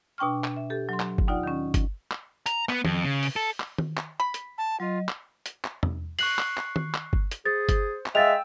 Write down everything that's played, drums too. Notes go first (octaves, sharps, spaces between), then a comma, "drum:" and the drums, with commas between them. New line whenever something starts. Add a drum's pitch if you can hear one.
B2 D4 G5 C#6 F6
drum: clap
E5
G4 A4
F#3 C6
drum: clap
drum: kick G1
D#2 D#4 F4 D5 F#5
D#3 C#4
drum: kick G1, hi-hat
drum: clap
A#5, drum: hi-hat
B3, drum: clap
F2, drum: tom D#3
C#3
drum: open hi-hat
A4
drum: clap
drum: tom D#3
drum: clap
B5
drum: hi-hat
A5
F#3 F4 D#5
drum: clap
drum: hi-hat
drum: clap
drum: tom E2
C#6 F#6 C7 F#7, drum: open hi-hat
drum: clap
drum: clap
drum: tom D#3
drum: clap
drum: kick G1
drum: hi-hat
G#4 C5 A6
drum: kick G1, hi-hat
drum: clap
G#3 E5 F5 G5 E6 A6 F7